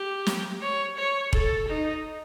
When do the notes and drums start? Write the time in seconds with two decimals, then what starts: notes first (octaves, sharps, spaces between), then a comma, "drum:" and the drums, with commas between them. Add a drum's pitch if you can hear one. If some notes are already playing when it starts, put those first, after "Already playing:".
Already playing: G4
0.26 drum: snare
0.61 C#5
0.97 C#5
1.33 A4, drum: kick E1
1.68 D#4